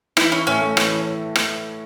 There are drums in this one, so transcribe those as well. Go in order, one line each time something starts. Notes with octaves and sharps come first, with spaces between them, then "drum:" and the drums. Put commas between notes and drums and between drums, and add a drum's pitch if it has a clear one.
E3 E4, drum: rim click
C#4 E4
A2 C#4
A3
E3, drum: rim click
E4
drum: rim click